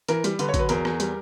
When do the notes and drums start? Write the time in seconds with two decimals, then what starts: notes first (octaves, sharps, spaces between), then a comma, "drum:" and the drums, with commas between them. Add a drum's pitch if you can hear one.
0.08 E3 A#4, drum: hi-hat
0.24 G3, drum: hi-hat
0.39 D3 B4, drum: hi-hat
0.49 C#5
0.54 F#3, drum: kick A1, hi-hat
0.59 B4
0.69 E2 A#4, drum: hi-hat
0.85 E2, drum: rim click
1.00 G3, drum: hi-hat